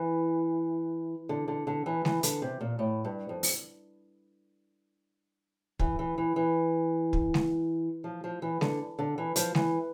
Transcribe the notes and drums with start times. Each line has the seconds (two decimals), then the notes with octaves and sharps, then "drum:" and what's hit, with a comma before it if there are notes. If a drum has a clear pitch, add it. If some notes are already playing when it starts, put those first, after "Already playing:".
Already playing: E3
1.29 D3
1.48 D3
1.67 D3
1.86 E3
2.05 E3, drum: snare G#3
2.23 D3, drum: hi-hat
2.42 C3
2.61 A#2
2.79 A2
3.05 G2
3.29 F2
3.43 drum: open hi-hat
5.80 E3, drum: kick
5.99 E3
6.18 E3
6.36 E3
7.13 drum: kick
7.34 drum: snare G#3
8.04 F3
8.24 F3
8.42 E3
8.61 D3, drum: snare G#3
8.99 D3
9.18 E3
9.36 F3, drum: hi-hat
9.55 E3, drum: snare G#3